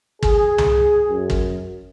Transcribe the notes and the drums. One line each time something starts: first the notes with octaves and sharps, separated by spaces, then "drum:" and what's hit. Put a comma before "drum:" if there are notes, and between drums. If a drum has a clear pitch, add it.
G#4, drum: kick
drum: tom C2
F#2
drum: kick